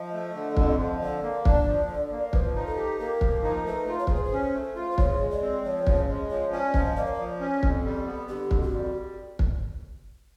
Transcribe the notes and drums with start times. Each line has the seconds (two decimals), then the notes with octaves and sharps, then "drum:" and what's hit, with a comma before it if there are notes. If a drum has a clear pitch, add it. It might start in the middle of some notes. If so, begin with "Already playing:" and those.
Already playing: F3 D#5
0.13 A3
0.34 D3
0.57 F2, drum: kick
0.79 F3
1.01 D3 D5
1.23 A#3
1.45 D4, drum: kick
1.67 F3
1.89 D3
2.11 A#3
2.33 F3 B4, drum: kick
2.55 D#4
2.67 A4
2.77 G4
2.99 A#3 A#4
3.21 F3, drum: kick
3.43 D#4
3.66 A3 B4
3.88 F4
3.99 C#5
4.07 G#4 C5, drum: kick
4.15 B4
4.24 C5
4.32 C#4
4.54 A3
4.76 F4
4.91 C5
4.98 C#3 C#5, drum: kick
5.20 G#3
5.31 D5
5.42 C4
5.64 F3 C#5
5.87 C#3, drum: kick
6.09 G#3
6.30 F3 C#5
6.52 C#4 D5
6.74 F3 D#5, drum: kick
6.96 A#3 D5
7.06 C#5
7.14 D5
7.19 F3
7.40 C#4
7.63 F2, drum: kick
7.85 G3
8.06 B3
8.29 D3 G4
8.51 F2, drum: kick
8.62 F#4
8.73 G3
9.39 drum: kick